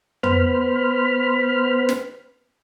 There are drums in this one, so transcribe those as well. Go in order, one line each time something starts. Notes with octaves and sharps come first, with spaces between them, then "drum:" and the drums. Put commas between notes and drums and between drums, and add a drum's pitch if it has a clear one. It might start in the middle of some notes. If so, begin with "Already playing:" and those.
B3 C5 B5 F6, drum: tom
drum: snare